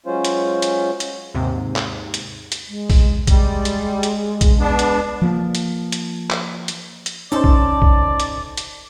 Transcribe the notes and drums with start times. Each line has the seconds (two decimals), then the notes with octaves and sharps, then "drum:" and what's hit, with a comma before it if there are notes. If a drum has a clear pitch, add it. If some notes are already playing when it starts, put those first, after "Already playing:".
0.06 F#3 G#3 C#4 F4 C5
0.25 drum: hi-hat
0.62 drum: hi-hat
1.00 drum: hi-hat
1.34 D#2 G#2 C3
1.76 drum: clap
2.14 drum: hi-hat
2.52 drum: hi-hat
2.69 G#3
2.90 drum: kick A#1, open hi-hat
3.27 G3 G#3, drum: kick A#1, hi-hat
3.65 drum: hi-hat
4.03 drum: hi-hat
4.41 drum: kick A#1, hi-hat
4.59 B3 D4
4.79 drum: hi-hat
5.22 F3 A#3
5.55 drum: hi-hat
5.92 drum: hi-hat
6.30 drum: clap
6.68 drum: hi-hat
7.06 drum: hi-hat
7.32 C#4 D#4 A4 C5 D5 A5
7.44 drum: kick A#1
7.82 drum: kick A#1
8.20 drum: hi-hat
8.57 drum: hi-hat